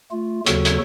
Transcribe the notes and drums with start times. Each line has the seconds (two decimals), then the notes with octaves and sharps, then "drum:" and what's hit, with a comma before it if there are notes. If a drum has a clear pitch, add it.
0.11 A3 F4
0.46 D#2 C#3 F#3 F#4 A4, drum: hi-hat
0.65 drum: hi-hat